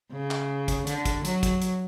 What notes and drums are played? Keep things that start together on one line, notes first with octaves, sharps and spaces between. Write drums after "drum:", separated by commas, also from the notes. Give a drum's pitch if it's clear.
C#3
drum: clap
drum: kick, hi-hat
D3, drum: hi-hat
drum: kick, hi-hat
F#3, drum: hi-hat
drum: kick, hi-hat
drum: hi-hat